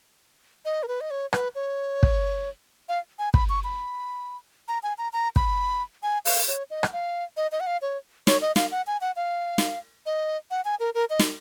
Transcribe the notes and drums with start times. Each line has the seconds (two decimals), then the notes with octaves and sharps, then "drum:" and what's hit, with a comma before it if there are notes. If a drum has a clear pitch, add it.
0.65 D#5
0.83 A#4
0.88 B4
1.01 D#5
1.11 C#5
1.33 B4, drum: rim click
1.55 C#5
2.03 drum: kick
2.89 F5
3.19 G#5
3.34 B5, drum: kick
3.49 C#6
3.64 B5
4.68 A#5
4.83 G#5
4.98 A#5
5.13 A#5
5.36 B5, drum: kick
6.03 G#5
6.25 F5, drum: open hi-hat
6.48 C#5
6.70 D#5
6.83 drum: rim click
6.93 F5
7.37 D#5
7.52 D#5
7.60 F#5
7.67 F5
7.82 C#5
8.27 C#5, drum: snare
8.41 D#5
8.56 F5, drum: snare
8.71 F#5
8.87 G#5
9.01 F#5
9.16 F5
9.58 drum: snare
10.06 D#5
10.51 F#5
10.65 G#5
10.80 A#4
10.95 A#4
11.10 D#5
11.19 drum: snare